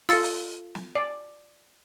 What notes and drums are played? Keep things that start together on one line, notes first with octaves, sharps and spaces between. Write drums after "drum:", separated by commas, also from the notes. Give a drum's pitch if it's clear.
F4 A4 E6 A6 C#7, drum: open hi-hat
drum: open hi-hat
drum: snare
D5